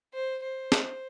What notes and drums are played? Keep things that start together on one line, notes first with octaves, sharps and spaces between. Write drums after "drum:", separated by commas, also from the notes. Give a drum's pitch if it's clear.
C5
C5
drum: snare